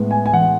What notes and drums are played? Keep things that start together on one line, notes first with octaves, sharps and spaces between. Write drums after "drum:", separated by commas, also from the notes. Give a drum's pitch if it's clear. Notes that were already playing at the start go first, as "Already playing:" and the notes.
Already playing: A2 G#3 B3
G#5
G#5
F#5, drum: tom E3